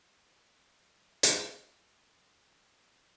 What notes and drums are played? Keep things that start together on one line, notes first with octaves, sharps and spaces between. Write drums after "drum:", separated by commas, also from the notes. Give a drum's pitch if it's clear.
F3 A3
C3 D#3
F3 A#3 B3
G#3
drum: hi-hat
E4 A#4 C5 F#5 C6